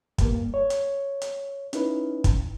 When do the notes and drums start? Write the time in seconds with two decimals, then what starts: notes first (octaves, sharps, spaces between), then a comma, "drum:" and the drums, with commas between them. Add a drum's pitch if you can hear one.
0.18 G2 A#3, drum: kick, hi-hat
0.54 C#5
0.70 drum: hi-hat
1.22 drum: hi-hat
1.73 C#4 D#4 E4 B4, drum: hi-hat
2.24 drum: kick, hi-hat